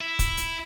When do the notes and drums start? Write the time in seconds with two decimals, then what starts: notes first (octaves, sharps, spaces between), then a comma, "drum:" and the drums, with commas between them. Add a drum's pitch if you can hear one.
0.01 E4
0.19 drum: kick, hi-hat
0.37 drum: hi-hat